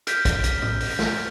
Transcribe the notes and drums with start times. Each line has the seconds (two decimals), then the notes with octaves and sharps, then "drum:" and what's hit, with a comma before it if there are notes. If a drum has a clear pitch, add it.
0.07 F6 G6 B6, drum: hi-hat
0.25 drum: kick, hi-hat
0.44 drum: hi-hat
0.62 drum: tom
0.80 drum: open hi-hat
0.99 drum: snare